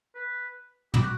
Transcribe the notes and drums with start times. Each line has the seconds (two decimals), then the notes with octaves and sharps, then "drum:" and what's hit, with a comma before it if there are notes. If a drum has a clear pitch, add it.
0.15 B4
0.94 G4, drum: tom
1.03 F#4